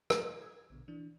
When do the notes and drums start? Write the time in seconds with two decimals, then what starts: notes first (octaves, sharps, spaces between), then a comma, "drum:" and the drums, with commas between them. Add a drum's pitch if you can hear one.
0.10 drum: rim click
0.42 D#6 G#6
0.70 A#1 B2 D3
0.88 E3 D4